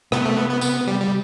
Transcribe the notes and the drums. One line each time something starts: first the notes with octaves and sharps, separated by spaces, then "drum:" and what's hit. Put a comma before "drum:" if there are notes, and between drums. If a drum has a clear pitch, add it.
C3 B3, drum: rim click
A3
B3
B3
B3, drum: tambourine
G3
G3